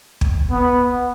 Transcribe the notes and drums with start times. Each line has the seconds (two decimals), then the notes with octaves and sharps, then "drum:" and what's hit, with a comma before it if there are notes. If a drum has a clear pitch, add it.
0.21 drum: kick
0.51 B3